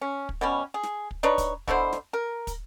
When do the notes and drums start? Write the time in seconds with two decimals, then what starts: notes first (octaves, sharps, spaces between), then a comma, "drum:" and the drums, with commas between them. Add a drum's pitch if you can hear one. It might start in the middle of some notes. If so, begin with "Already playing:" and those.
0.02 C#4
0.29 drum: kick
0.41 B2 G3 C#4
0.74 G#4
0.83 drum: snare
1.11 drum: kick
1.23 D4 D#4 B4 C#5
1.38 drum: kick, hi-hat
1.68 B2 D3 E4 C5, drum: kick
1.92 drum: snare
2.13 A#4
2.47 drum: kick, hi-hat